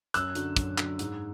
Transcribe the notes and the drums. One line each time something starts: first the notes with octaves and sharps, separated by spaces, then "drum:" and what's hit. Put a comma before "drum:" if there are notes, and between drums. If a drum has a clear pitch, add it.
F#2 E6 F#6, drum: hi-hat
D3 F#3, drum: hi-hat
F#2, drum: kick, hi-hat
D3 F#3, drum: clap
G#2, drum: hi-hat